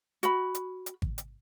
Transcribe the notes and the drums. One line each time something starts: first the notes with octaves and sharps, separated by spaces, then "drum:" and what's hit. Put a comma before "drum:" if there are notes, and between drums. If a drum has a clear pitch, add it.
F#4 B5, drum: hi-hat
drum: hi-hat
drum: hi-hat
drum: kick G#1
drum: hi-hat